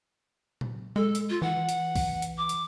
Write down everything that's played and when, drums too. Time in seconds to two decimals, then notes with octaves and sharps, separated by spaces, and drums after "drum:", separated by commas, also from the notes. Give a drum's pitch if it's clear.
0.61 drum: tom A#2
0.96 G#3 A4
1.15 drum: hi-hat
1.29 F4
1.42 E3 F#5
1.69 drum: hi-hat
1.96 drum: kick B1, open hi-hat
2.22 drum: hi-hat
2.37 D6
2.49 drum: hi-hat